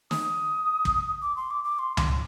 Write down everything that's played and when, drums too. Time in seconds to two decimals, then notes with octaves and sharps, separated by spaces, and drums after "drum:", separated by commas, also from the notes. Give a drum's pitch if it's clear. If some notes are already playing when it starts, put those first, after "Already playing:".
0.11 D#6, drum: snare
0.85 drum: kick
1.22 D6
1.36 C6
1.51 D6
1.64 D6
1.79 C6
1.97 C6, drum: tom C#2